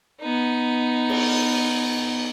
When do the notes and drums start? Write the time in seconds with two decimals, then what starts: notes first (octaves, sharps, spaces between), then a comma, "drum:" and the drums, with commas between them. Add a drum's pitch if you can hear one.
0.21 B3 D#4
1.09 drum: cymbal